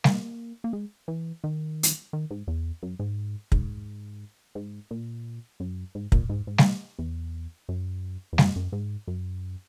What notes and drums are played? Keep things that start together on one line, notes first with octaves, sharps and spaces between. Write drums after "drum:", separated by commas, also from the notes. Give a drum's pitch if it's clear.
A#3, drum: snare G3
A#3
G#3
E3
D#3
drum: hi-hat
D#3
G#2
E2
F#2
G#2
G#2, drum: kick
G#2
A#2
F#2
G#2
A#2, drum: kick
G#2
G#2
drum: snare G3
E2
F#2
E2
F#2, drum: snare G3
F#2
G#2
F#2